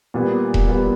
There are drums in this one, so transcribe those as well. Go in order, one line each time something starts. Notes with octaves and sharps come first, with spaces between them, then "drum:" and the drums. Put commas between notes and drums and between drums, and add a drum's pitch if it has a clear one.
A#2 G3 B3
drum: kick E1
A#2 G3 B3